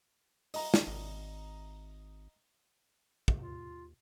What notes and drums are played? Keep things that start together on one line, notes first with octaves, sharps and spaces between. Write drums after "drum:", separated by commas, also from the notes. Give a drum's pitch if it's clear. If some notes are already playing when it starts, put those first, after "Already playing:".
D#5 A#5, drum: open hi-hat
drum: snare
G#1
drum: kick
D#2 F4